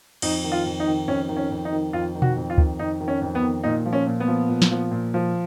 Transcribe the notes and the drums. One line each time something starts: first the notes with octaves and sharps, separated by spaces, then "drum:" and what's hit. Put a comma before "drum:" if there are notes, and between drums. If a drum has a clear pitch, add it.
F2 D#4, drum: cymbal
D#3
F4
F2
D#4
D#3
F2 C#4
D#3
C#4
F2
D#4
D#3
F2 F4
D#3
F#4, drum: tom B2
F2
F4
D#3, drum: kick
F2 D#4
D#3
C#4
F2
B3
D#3
A#2 D#4
F3
C#4
A#2
B3
F3
A#2
drum: snare
F3
A#2
F3